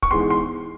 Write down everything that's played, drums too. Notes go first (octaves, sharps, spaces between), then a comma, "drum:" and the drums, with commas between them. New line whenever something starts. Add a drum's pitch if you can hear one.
C#6, drum: kick
G#2 E3 G#3 B3 C6
C6